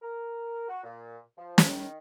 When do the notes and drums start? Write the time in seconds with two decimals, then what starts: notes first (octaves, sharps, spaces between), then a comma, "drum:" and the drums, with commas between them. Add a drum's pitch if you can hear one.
0.02 A#4
0.69 F#4
0.84 A#2
1.37 F3
1.58 drum: snare
1.69 D#3